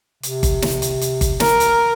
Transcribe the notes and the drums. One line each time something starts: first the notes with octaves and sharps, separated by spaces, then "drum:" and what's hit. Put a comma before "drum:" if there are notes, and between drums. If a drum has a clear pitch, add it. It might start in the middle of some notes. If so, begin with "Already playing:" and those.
C3, drum: hi-hat
drum: kick G1, hi-hat
drum: snare
drum: hi-hat
drum: hi-hat
drum: kick G1, hi-hat
A#4, drum: snare
drum: hi-hat